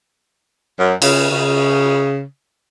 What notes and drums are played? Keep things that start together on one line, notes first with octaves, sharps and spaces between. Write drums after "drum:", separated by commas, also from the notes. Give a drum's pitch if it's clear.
F#2
C#3, drum: cymbal
C#3